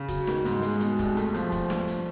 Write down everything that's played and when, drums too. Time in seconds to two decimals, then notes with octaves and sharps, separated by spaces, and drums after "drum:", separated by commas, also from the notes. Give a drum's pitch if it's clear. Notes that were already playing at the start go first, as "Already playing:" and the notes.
Already playing: C#3
0.08 F#3, drum: kick, hi-hat
0.27 D#3, drum: snare
0.45 G#2, drum: hi-hat
0.62 G#3, drum: hi-hat
0.80 B2, drum: hi-hat
0.99 C2, drum: kick, hi-hat
1.17 A3, drum: hi-hat
1.34 F3, drum: hi-hat
1.52 drum: kick, hi-hat
1.70 drum: snare
1.88 drum: hi-hat